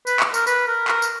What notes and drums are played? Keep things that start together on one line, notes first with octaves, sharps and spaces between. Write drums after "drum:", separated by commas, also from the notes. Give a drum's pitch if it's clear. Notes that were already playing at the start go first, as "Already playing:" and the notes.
B4, drum: tambourine
drum: clap
A#4, drum: tambourine
B4, drum: tambourine
A#4
A#4, drum: clap
drum: tambourine